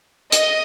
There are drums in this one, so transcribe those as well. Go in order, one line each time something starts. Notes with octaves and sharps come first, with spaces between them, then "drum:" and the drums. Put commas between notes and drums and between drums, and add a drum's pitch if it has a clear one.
D#5, drum: hi-hat